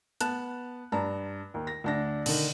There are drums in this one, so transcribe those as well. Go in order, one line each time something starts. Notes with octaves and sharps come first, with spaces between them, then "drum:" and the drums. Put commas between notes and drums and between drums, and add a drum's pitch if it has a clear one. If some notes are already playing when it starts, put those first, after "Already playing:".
B3 A5 F#6 E7, drum: hi-hat
G2 A5 A#5
D#2
A#6
D2 D4 A#6
D3 D#3, drum: cymbal